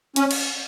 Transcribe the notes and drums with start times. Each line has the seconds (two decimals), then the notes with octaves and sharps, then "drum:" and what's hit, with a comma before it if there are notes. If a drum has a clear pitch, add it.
0.16 C#4, drum: hi-hat
0.31 drum: cymbal